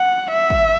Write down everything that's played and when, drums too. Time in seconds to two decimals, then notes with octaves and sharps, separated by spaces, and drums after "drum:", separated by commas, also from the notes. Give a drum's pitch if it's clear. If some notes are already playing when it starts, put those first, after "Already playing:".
Already playing: F#5
0.31 E5
0.50 drum: kick